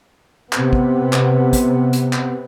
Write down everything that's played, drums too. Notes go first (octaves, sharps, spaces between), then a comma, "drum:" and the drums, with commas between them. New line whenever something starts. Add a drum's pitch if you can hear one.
C3 B3, drum: clap
drum: kick
drum: clap
drum: kick, hi-hat
drum: hi-hat
drum: clap